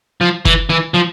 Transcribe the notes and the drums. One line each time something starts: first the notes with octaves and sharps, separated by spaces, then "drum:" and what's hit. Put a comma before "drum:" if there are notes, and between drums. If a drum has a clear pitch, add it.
F3
E3, drum: kick F#1
E3
F3